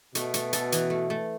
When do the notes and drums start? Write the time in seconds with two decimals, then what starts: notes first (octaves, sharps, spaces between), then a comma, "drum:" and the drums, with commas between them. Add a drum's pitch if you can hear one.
0.15 B2 A3, drum: hi-hat
0.34 A3, drum: hi-hat
0.53 A4, drum: hi-hat
0.72 E3, drum: hi-hat
0.90 A3
1.10 A3